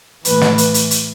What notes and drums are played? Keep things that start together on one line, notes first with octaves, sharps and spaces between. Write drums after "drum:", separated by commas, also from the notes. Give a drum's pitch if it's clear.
A2 E3 B4, drum: hi-hat
drum: snare
drum: hi-hat
drum: hi-hat
drum: hi-hat